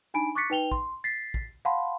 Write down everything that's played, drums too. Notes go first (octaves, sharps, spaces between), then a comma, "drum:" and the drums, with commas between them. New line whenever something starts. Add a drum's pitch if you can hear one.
D4 D#4 G#5 B5 D7
C#6 D6 F#6 A6 B6 C#7
D#4 B4 G5 F7 G7
C6, drum: kick
A6 B6 C7
drum: kick
F5 F#5 A5 B5 C6